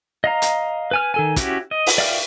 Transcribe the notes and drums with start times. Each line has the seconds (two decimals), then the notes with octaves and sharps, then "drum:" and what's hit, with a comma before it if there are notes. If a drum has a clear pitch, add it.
0.24 D#5 F5 A#5
0.42 drum: hi-hat
0.91 B4 G#5 F6
1.14 D#3 A4 G#5
1.36 C#4 E4 F#4 G4, drum: kick, hi-hat
1.71 D#5
1.87 drum: open hi-hat
1.98 D5 E5 F5 G5 F6